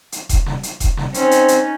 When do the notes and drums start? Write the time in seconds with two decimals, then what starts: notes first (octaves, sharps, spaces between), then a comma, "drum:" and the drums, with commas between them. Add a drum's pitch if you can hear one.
0.12 drum: hi-hat
0.29 drum: kick E1, hi-hat
0.46 drum: snare
0.63 drum: hi-hat
0.80 drum: kick E1, hi-hat
0.97 drum: snare
1.14 C4 C#4 D#4, drum: hi-hat
1.31 drum: hi-hat
1.48 drum: hi-hat